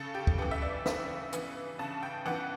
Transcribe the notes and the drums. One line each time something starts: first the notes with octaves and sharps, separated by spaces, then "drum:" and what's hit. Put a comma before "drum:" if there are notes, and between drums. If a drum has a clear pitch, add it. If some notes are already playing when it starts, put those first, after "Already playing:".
Already playing: C#3 A4
G4
drum: kick
E3 B3 G4
E5
D5
C#3 E5, drum: snare
E3 B3, drum: hi-hat
C#3 A5
G5
E3 B3 F#5